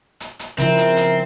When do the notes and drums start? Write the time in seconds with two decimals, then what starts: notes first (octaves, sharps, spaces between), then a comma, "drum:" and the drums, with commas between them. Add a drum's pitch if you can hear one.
0.20 drum: hi-hat
0.39 drum: hi-hat
0.58 C#3 F3 C4 E4 A#4 E5, drum: hi-hat
0.77 drum: hi-hat
0.96 drum: hi-hat